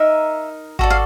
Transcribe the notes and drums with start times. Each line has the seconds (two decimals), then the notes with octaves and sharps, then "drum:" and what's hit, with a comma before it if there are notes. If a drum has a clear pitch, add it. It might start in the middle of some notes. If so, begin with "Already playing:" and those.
Already playing: D#4 A#4 E5
0.79 F#4 A4 D5, drum: kick G#1
0.90 F5